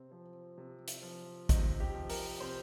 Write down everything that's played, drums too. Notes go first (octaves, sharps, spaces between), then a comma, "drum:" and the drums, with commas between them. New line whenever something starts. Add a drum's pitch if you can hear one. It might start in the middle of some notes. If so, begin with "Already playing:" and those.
Already playing: C3 C4
F3
C3
drum: hi-hat
F3
C3 D#4, drum: kick, hi-hat
G4
F3
A#4, drum: open hi-hat
C3 C5